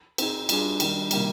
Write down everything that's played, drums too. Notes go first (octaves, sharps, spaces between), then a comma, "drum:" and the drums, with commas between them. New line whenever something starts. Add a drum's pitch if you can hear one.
C4 D#4 G#4, drum: cymbal
G3 D4 F4 G#4, drum: cymbal
D#3 G3 D4, drum: cymbal
C3 D#3 G3 A#3, drum: cymbal